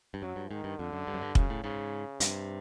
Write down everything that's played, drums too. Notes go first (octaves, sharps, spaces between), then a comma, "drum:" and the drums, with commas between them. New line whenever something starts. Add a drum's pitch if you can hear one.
G2
F#2 F#3
G2
G#2 D#3
G2
F2 D3
F#2
G2
F#2
G2
F#2 C#3, drum: kick
A2
G#2 C#3
G2 C3, drum: hi-hat